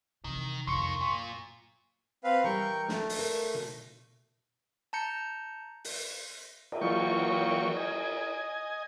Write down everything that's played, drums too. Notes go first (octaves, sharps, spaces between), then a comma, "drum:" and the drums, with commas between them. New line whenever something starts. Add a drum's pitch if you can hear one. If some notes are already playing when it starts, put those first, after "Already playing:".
C3 D#3 E3
C2 F2 D#3 A#3 C6 C#6 C#7
F#2 A#2
C4 B4 F5
E3 G3 A#4 G5 C#6
A3, drum: snare
drum: open hi-hat
A#4
drum: tom B2
A5 A#5 G6 C#7
drum: open hi-hat
drum: cymbal
E3 F#3 A#3 F4 G5 C#6
D#5 G#5